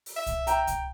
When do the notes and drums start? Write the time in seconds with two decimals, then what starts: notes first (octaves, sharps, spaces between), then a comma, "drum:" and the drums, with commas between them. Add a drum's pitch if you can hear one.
0.06 drum: open hi-hat
0.16 E5
0.26 drum: kick C2, hi-hat
0.47 G5 A#5, drum: hi-hat
0.67 drum: kick C2, hi-hat